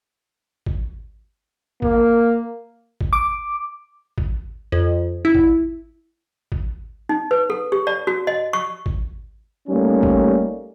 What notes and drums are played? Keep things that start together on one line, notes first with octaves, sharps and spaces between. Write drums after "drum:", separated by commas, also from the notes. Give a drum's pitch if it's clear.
drum: kick
A#3, drum: kick
drum: kick
D6
drum: kick
F2
E4
drum: kick
drum: kick
D#4
B4
A4
G4
D5
F#4
D#5
C#6
drum: kick
G3 A3 A#3 C#4 D#4
drum: kick